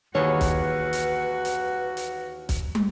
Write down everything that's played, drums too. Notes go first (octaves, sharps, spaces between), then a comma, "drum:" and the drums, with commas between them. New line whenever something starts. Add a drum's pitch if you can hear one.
D#2 E3 F#4 G#4 B4 C#5
drum: kick, hi-hat
drum: hi-hat
drum: hi-hat
drum: hi-hat
drum: kick, hi-hat
drum: tom